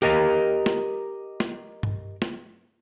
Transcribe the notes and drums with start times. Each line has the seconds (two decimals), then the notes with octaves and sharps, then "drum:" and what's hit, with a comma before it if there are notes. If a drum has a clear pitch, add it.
0.02 G4 A#4 D#5 A5 A#5, drum: hi-hat
0.66 drum: snare
1.40 drum: snare
1.83 drum: tom G2
2.22 drum: snare